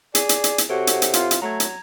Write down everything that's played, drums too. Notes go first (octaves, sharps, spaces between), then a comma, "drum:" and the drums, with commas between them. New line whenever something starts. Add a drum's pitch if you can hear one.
G#4 D5, drum: hi-hat
drum: hi-hat
drum: hi-hat
drum: hi-hat
C3 F#4 A4 C#5 F#5
drum: hi-hat
drum: hi-hat
F4, drum: hi-hat
drum: hi-hat
F#3 A3 A#5 G#6
drum: hi-hat